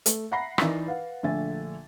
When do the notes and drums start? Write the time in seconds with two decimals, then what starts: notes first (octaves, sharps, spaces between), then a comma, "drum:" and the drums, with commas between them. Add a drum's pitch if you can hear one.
0.06 A3, drum: hi-hat
0.31 E5 F#5 A#5 B5 A#6 C7
0.58 E3 D#4 A#4 D5 E6 A6, drum: rim click
0.86 B4 F5 F#5
1.23 A#1 D3 A3 E5 G#5 A6